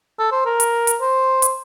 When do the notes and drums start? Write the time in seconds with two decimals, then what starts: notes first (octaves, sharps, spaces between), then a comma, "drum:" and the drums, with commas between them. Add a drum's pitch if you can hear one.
0.19 A4
0.32 C5
0.46 A#4
0.60 drum: hi-hat
0.87 drum: hi-hat
1.01 C5
1.42 drum: hi-hat